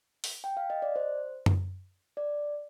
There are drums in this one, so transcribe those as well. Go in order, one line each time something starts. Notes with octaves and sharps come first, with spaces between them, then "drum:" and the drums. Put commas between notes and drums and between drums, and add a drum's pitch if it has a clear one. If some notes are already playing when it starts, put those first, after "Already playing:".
drum: open hi-hat
G5
F5
D#5
D5
C5
drum: tom F#2
D5